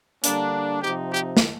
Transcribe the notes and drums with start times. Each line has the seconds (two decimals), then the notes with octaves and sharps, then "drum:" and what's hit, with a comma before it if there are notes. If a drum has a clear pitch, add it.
0.24 D3 G3 A#3 D4, drum: hi-hat
0.82 C3 F3 C4 D#4 G4
1.11 G4
1.37 drum: snare